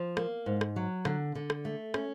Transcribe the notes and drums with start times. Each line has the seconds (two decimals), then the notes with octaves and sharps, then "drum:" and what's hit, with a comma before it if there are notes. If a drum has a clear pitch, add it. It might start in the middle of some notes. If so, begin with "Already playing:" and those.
Already playing: F3
0.17 A#3, drum: rim click
0.46 G#2
0.61 drum: rim click
0.76 F#3
1.05 D3, drum: rim click
1.35 D3
1.50 drum: rim click
1.65 A3
1.94 C#4, drum: rim click